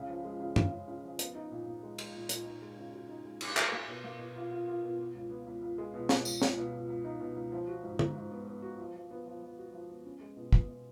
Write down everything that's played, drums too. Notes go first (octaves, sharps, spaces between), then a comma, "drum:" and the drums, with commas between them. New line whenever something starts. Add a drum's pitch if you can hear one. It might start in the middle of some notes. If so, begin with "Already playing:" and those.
Already playing: C#2 C#3
F3
G#3
C#3
C#3, drum: tom
C#3
C#3
F3
B3, drum: hi-hat
D#4
A#2
A#2
G#3
G#3, drum: cymbal
A#2
A#2, drum: hi-hat
D#4
G#3
C#3
F#4
D#4
G#3
G#3, drum: cymbal
F#4, drum: clap
A#3
B2
A#3
B2
F4
F4
F4
B2
B3
C#2
B3
C#2
C#2
G#3
B2
G#3, drum: snare
C#2, drum: tambourine
C#2, drum: snare
B2
C#2
C#2
D#4
B2
C#2
F3
F#4
G#2
G#2, drum: tom
G#2
B3
B3
F#4
F3
F3
B3
F3
F3
F#4
F3
B3
C#4
G#3
B2
B2, drum: kick
B2